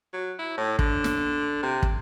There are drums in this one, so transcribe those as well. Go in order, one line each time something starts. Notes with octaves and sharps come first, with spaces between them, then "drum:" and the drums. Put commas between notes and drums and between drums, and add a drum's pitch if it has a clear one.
F#3
E4
A2
D3, drum: kick
drum: snare
C3
drum: kick